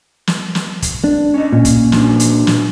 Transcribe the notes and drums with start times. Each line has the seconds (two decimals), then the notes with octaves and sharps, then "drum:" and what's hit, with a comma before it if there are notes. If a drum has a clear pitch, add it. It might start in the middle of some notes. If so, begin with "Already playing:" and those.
0.27 drum: snare
0.55 drum: snare
0.82 drum: kick, hi-hat
1.04 D4
1.34 C#4 D#5
1.53 A#2 C#4
1.65 drum: kick, hi-hat
1.92 F3 D4 F#4, drum: snare
2.20 drum: hi-hat
2.47 drum: snare